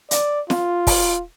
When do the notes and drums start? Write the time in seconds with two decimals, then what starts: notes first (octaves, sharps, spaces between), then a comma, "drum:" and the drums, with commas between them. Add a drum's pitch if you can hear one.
0.11 D5, drum: hi-hat
0.50 F4, drum: snare
0.87 drum: kick, open hi-hat